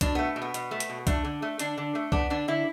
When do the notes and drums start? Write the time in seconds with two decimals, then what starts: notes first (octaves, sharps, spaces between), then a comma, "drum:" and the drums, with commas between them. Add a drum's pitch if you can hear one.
0.01 B2 D4, drum: kick, hi-hat
0.15 A3 B3
0.36 B2
0.42 B3
0.54 B2, drum: hi-hat
0.71 A3
0.80 drum: hi-hat
0.89 B2
1.07 A3 D4, drum: kick, hi-hat
1.25 D3
1.42 A3
1.59 D3 D4, drum: hi-hat
1.78 D3
1.95 A3
2.12 B3 D4, drum: kick
2.30 D3 D4
2.48 D3 E4